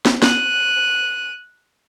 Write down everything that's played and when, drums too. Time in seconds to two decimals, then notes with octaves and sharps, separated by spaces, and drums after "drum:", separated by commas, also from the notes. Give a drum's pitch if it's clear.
0.05 drum: snare
0.22 F#6 D#7, drum: snare